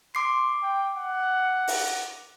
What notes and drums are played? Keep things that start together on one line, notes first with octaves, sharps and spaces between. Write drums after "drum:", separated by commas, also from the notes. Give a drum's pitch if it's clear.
C6 D6 C7
G5
F#5
drum: open hi-hat